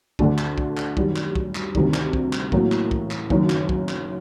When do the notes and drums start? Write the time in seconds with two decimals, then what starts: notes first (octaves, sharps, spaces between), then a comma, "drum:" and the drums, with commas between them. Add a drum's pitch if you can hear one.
0.19 D2 D3 A3 D4, drum: kick
0.38 drum: clap
0.58 drum: kick
0.77 drum: clap
0.97 F#2 D#3 G3, drum: kick
1.16 drum: clap
1.35 drum: kick
1.55 drum: clap
1.75 D2 C3 D#3 G3, drum: kick
1.94 drum: clap
2.13 drum: kick
2.33 drum: clap
2.52 A1 A2 F#3 A#3, drum: kick
2.72 drum: clap
2.91 drum: kick
3.11 drum: clap
3.30 F#1 F#2 D#3, drum: kick
3.50 drum: clap
3.69 drum: kick
3.89 drum: clap